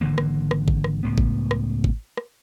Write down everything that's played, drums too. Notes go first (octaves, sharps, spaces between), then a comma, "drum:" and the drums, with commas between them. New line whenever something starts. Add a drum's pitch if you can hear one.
G#1 D3 E3 A#3
drum: rim click
drum: rim click
drum: kick G#1
drum: rim click
C#2 A2 B3
drum: kick G#1
drum: rim click
drum: kick G#1
drum: rim click